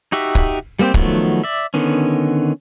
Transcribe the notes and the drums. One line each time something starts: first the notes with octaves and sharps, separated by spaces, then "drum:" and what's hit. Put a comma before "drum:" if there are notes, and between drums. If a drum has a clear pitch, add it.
D#4 F#4 G4 E5
drum: kick
G3 A#3 C4 G4 C5
D#3 F3 F#3 A3 B3, drum: kick
D5 E5
D3 D#3 B3 C#4